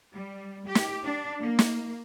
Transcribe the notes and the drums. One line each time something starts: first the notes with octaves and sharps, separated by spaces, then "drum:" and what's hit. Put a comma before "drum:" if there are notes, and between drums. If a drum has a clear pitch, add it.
G3
G4
drum: snare
D4
A#3
drum: snare